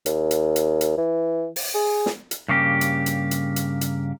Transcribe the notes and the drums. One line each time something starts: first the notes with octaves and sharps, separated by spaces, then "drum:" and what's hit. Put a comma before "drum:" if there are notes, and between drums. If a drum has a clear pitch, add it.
D#2, drum: hi-hat
drum: hi-hat
drum: hi-hat
drum: hi-hat
E3
drum: open hi-hat
G#4
drum: snare
drum: hi-hat
G2 C#3 A#3 G4
drum: hi-hat
drum: hi-hat
drum: hi-hat
drum: hi-hat
drum: hi-hat